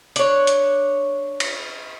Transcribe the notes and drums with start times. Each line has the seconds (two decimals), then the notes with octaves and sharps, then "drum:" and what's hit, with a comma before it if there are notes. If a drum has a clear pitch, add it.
0.16 D4 C#5, drum: hi-hat
0.47 drum: hi-hat
1.40 drum: cymbal